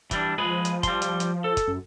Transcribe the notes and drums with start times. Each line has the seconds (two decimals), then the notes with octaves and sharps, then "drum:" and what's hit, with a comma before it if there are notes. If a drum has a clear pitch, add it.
0.11 E3 G3 D4, drum: kick, hi-hat
0.38 F3 G#3 G#4 B4
0.65 drum: hi-hat
0.83 G3 C6, drum: kick, hi-hat
1.02 drum: hi-hat
1.20 drum: hi-hat
1.44 A4
1.57 drum: kick, hi-hat
1.67 F#2